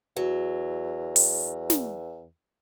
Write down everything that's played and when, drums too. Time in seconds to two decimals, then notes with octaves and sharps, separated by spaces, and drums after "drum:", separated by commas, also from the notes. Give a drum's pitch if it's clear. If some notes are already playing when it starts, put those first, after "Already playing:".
0.17 E2 F#3
1.16 drum: open hi-hat
1.70 drum: snare